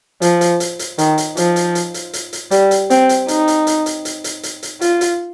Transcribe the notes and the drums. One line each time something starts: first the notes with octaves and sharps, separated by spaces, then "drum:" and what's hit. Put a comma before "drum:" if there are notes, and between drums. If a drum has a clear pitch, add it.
F3, drum: hi-hat
drum: hi-hat
drum: hi-hat
drum: hi-hat
D#3, drum: hi-hat
drum: hi-hat
F3, drum: hi-hat
drum: hi-hat
drum: hi-hat
drum: hi-hat
drum: hi-hat
drum: hi-hat
G3, drum: hi-hat
drum: hi-hat
C4, drum: hi-hat
drum: hi-hat
D#4, drum: hi-hat
drum: hi-hat
drum: hi-hat
drum: hi-hat
drum: hi-hat
drum: hi-hat
drum: hi-hat
drum: hi-hat
F4, drum: hi-hat
drum: hi-hat